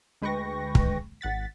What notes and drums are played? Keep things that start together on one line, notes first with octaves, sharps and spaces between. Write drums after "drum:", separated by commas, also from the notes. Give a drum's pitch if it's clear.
D2 G#3 B4 G5 C#6 A#6
drum: kick
G#1 F#5 A6 B6